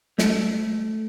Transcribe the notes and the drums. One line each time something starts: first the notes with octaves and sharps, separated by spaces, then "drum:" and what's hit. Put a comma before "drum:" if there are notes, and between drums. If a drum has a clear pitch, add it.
A3, drum: snare